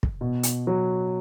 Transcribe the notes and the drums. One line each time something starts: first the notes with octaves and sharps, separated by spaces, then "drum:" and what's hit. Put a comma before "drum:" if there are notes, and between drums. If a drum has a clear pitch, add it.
drum: kick
B2
drum: hi-hat
F#3